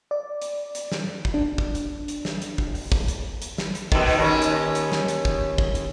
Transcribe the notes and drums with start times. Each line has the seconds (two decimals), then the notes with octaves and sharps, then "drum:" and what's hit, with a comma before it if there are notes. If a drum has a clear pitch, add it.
0.11 D5
0.42 drum: hi-hat
0.75 drum: hi-hat
0.92 drum: snare
1.25 drum: kick
1.34 D4
1.58 drum: kick
1.75 drum: hi-hat
2.08 drum: hi-hat
2.25 drum: snare
2.42 drum: hi-hat
2.58 drum: kick
2.75 drum: open hi-hat
2.92 drum: kick
3.08 drum: hi-hat
3.42 drum: hi-hat
3.58 drum: snare
3.75 drum: hi-hat
3.92 B2 D#3, drum: kick
4.08 drum: open hi-hat
4.18 D#2 C#4
4.42 drum: hi-hat
4.75 drum: hi-hat
4.92 drum: snare
5.08 drum: hi-hat
5.25 drum: kick
5.58 drum: kick
5.75 drum: hi-hat